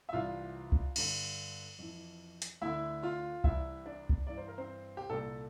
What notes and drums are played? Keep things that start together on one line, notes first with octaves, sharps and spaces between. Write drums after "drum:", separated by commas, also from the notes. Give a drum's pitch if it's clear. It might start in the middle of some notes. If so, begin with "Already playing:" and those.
E5
C2 C3 E3 F4 F5
drum: kick C2
G2 D3, drum: cymbal
F2 E3
drum: hi-hat
D2 D3 E4 E5
F4 F5
C2 C3 E3 E4 E5, drum: kick C2
D4 D5
drum: kick C2
G2 E3 D5
C5
A#4
C4 C5
G4
C2 A#2 A4